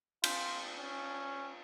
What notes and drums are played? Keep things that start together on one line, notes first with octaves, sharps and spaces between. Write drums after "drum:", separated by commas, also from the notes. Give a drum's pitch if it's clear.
F4, drum: cymbal
C#4